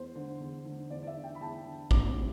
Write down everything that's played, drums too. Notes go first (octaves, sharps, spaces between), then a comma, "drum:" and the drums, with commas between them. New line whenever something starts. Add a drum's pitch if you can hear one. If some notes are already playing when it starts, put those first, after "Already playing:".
Already playing: E2 C5
D3
E2
D3
E2 D5
D5
E5
D3
G5
B5
E2 A5
D3
D2 D6, drum: kick A1
C3